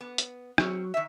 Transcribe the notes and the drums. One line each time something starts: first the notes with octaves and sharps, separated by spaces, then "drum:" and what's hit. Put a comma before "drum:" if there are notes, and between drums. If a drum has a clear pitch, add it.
B3
drum: hi-hat
F#3 C4 C#4, drum: rim click
D#3 E5